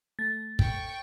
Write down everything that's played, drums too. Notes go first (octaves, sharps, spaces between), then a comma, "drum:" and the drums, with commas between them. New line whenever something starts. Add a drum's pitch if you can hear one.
A3 A6
G5 C#6, drum: kick